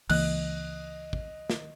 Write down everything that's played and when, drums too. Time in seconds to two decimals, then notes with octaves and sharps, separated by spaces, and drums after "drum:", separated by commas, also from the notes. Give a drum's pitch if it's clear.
0.09 C#2 E3 A#3 D#5 F#6, drum: cymbal
1.13 drum: kick
1.50 drum: snare